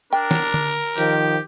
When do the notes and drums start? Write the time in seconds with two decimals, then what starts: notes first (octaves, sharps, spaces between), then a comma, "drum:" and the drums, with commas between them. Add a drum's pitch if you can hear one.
0.13 D4 A#4 G5
0.31 drum: snare
0.54 drum: tom D3
0.98 D#3 F3 G4, drum: hi-hat